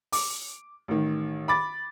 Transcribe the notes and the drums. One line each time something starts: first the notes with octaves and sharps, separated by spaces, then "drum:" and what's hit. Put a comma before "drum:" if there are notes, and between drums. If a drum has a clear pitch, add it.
D6, drum: open hi-hat
A1 D#3
B5 D6 A6